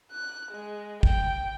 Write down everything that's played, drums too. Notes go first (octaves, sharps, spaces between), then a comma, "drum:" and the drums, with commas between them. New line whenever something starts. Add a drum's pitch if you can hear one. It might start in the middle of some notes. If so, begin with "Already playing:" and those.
F#6
G#3
G5, drum: kick